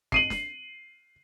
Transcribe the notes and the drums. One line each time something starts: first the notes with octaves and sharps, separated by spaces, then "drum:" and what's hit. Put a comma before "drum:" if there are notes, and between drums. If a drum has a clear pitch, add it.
C7 D#7 F#7, drum: kick
drum: snare